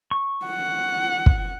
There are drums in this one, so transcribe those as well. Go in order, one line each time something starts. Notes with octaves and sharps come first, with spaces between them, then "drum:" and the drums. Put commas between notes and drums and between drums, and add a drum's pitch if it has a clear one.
C#6
F#5
drum: kick